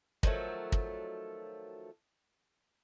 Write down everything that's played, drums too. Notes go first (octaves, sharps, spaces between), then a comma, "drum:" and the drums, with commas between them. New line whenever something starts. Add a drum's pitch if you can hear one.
D#3 F3 F#3 A3, drum: kick
drum: kick